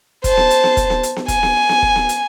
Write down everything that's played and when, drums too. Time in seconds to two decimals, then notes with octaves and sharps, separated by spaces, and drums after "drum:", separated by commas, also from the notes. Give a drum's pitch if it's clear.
0.24 C5 A5, drum: kick, hi-hat
0.37 drum: snare B3
0.50 drum: hi-hat
0.64 drum: snare B3
0.77 drum: kick, hi-hat
0.90 drum: snare B3
1.03 drum: hi-hat
1.16 drum: snare B3
1.28 G#5, drum: kick, hi-hat
1.43 drum: snare B3
1.69 drum: snare B3
1.82 drum: kick
1.96 drum: snare B3
2.09 drum: hi-hat